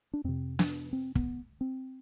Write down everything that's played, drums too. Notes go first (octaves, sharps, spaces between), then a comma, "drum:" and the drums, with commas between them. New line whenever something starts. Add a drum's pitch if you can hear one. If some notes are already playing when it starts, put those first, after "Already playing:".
D4
F2 C3 C4
D4, drum: snare
C4
B3, drum: kick
C4